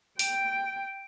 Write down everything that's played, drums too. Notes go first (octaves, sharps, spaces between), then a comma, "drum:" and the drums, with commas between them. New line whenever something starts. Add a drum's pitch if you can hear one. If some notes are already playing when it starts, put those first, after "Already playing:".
G5 D7, drum: open hi-hat